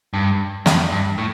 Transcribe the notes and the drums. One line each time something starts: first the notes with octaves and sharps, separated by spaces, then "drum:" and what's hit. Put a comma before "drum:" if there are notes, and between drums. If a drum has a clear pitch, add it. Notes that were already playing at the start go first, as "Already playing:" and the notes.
G2
F2, drum: snare
G2
A2